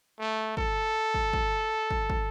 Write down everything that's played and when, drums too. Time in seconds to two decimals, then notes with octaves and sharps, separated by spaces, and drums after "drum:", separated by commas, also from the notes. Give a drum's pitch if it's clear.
0.19 A3
0.57 A4, drum: kick
1.14 drum: kick
1.33 drum: kick
1.91 drum: kick
2.10 drum: kick